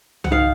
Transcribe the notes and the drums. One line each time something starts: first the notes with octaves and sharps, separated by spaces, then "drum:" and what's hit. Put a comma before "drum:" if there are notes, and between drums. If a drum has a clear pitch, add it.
F#5, drum: tom C2
D#3 F5